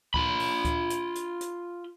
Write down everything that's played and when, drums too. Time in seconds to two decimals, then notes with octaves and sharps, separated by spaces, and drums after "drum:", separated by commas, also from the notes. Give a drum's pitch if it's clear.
0.14 F4 B5, drum: kick D2
0.39 drum: open hi-hat
0.65 drum: kick D2, hi-hat
0.90 drum: hi-hat
1.15 drum: hi-hat
1.41 drum: hi-hat